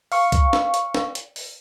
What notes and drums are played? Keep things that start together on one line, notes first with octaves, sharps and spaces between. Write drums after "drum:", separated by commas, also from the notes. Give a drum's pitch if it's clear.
F5 C#6, drum: open hi-hat
drum: kick, hi-hat
drum: snare
drum: hi-hat
drum: snare
drum: hi-hat
drum: open hi-hat